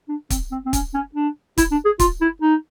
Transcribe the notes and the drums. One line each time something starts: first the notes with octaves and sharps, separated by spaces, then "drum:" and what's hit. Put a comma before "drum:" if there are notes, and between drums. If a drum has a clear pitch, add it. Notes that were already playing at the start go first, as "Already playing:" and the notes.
D4
C4, drum: kick, hi-hat
C4
C4
C#4, drum: kick, hi-hat
C#4
D4
E4, drum: kick, hi-hat
D4
G#4
F4, drum: kick, hi-hat
E4
D#4